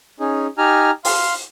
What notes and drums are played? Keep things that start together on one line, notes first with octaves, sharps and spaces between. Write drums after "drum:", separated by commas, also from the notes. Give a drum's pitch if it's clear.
C#4 D#4 G#4
D#4 G4 G#5 A#5 F6
F5 C6, drum: open hi-hat